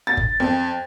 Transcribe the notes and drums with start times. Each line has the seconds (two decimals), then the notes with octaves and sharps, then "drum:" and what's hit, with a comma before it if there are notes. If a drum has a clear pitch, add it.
0.07 A6
0.17 drum: kick G1
0.40 F2